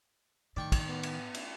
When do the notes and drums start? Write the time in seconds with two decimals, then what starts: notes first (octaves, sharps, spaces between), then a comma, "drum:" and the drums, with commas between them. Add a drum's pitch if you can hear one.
0.56 A2 D#3 D5 G5 C#6
0.72 drum: kick, cymbal
0.88 B3
1.03 drum: cymbal
1.34 drum: cymbal